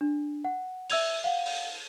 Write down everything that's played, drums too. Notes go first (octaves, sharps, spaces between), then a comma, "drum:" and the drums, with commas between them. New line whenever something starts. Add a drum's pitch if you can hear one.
D4
F#5
E5 E6 G#6 F7, drum: open hi-hat
F5 F#5
drum: open hi-hat